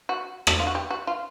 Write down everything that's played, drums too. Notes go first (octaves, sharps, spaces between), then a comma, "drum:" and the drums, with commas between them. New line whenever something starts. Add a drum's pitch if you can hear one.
F#4
drum: rim click
F4
F#4
G4
F#4
F4